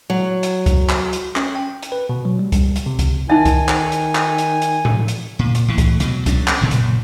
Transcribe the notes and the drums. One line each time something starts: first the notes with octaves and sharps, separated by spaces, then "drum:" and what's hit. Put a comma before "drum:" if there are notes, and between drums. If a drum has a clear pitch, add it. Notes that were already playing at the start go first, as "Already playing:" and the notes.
F#3
drum: hi-hat
drum: kick C2, hi-hat
drum: clap
drum: hi-hat
C#4, drum: clap
G5
drum: hi-hat
B4
B2
F#3
G3
drum: kick C2, hi-hat
drum: hi-hat
C3
drum: kick C2, hi-hat
D#3 D#4 E5 G#5
drum: kick C2, hi-hat
drum: clap
drum: hi-hat
drum: clap
drum: hi-hat
drum: hi-hat
drum: tom A2
drum: hi-hat
A#2
drum: hi-hat
A2 E3
drum: kick C2, hi-hat
B2 F#3, drum: hi-hat
F#3 C#4 D4, drum: kick C2, hi-hat
drum: clap
F#1 B1 A#2 C#3
drum: hi-hat